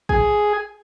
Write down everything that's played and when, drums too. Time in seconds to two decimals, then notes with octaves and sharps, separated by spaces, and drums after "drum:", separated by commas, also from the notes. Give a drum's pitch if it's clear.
0.09 G#4, drum: kick A1